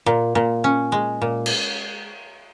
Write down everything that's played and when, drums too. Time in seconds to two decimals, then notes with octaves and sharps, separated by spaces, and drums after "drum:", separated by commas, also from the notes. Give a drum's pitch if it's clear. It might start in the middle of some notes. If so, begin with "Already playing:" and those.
0.06 A#2
0.35 A#2
0.64 C#4
0.92 G#3
1.22 A#2
1.46 drum: cymbal